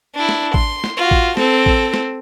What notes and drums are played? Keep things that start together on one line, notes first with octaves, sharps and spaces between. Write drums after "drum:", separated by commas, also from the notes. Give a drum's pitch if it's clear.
D4 E4
drum: snare
C6, drum: kick A1
drum: snare
F4 F#4
drum: kick A1
C4 A4, drum: snare
drum: kick A1
drum: snare